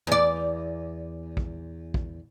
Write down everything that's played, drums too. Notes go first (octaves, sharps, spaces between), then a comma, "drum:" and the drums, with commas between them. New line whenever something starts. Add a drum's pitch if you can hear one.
E2 D5
drum: kick
drum: kick